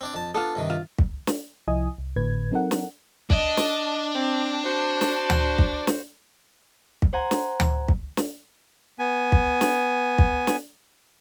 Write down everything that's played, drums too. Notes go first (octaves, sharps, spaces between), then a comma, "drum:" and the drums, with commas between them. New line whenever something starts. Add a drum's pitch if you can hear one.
C4 D4 D5
F2 A5
B3 D4 F4 A4
G2 C3 D#3
F4
drum: kick
drum: snare
C2 F3 E4 D#5 G#5 D#6
C2
G#1 A2 D3 B4 G#6
F#3 C4 D#4 A4 A#4 F#5
drum: snare
D4 D#5, drum: kick
drum: snare
C4
F#4 C5
drum: snare
drum: tom D2
drum: kick
drum: snare
drum: kick
C5 F#5 G#5 A#5
drum: snare
drum: tom D2
drum: kick
drum: snare
B3 G#5
drum: kick
drum: snare
drum: kick
drum: snare